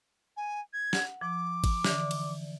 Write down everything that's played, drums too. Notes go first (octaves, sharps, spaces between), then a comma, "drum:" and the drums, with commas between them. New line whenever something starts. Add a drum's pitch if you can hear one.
G#5
G#6
F#5, drum: snare
F3 D6
drum: kick G#1, cymbal
D3 E3 D5, drum: snare
drum: cymbal